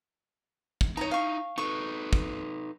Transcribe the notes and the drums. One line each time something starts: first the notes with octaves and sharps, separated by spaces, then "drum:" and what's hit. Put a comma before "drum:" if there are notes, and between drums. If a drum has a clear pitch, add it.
drum: kick
D#4 E4 C#5 A#5
F5 C#6
D#4 A4 B4 C#6
drum: kick